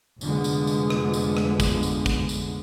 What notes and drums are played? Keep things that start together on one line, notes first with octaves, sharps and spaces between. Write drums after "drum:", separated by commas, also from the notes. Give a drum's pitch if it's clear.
F1 D3 F3 G#3 B3, drum: tambourine
drum: tambourine
drum: tambourine
drum: rim click
drum: tambourine
drum: rim click
drum: kick, tambourine
drum: tambourine
drum: kick, tambourine
drum: tambourine